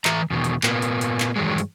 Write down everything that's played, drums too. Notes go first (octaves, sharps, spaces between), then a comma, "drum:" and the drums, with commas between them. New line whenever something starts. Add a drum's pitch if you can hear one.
E3 E5 A#5, drum: clap
E2 B2 D#3
drum: hi-hat
A#2 A#3 B3, drum: clap
drum: hi-hat
drum: hi-hat
drum: clap
G2 D#3 E3 F#3 G#3
drum: hi-hat